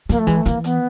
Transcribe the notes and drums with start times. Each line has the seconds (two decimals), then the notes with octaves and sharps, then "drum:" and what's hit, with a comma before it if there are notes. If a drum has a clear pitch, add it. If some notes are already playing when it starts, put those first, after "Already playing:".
0.09 F3 A#3, drum: hi-hat
0.18 A3
0.27 E3 G#3, drum: kick, hi-hat
0.36 A3
0.45 E3 A#3, drum: hi-hat
0.64 B3, drum: hi-hat